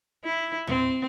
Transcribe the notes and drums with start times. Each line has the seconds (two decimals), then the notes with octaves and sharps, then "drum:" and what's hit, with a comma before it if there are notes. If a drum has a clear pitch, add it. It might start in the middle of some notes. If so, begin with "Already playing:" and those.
0.24 E4
0.67 C4, drum: tom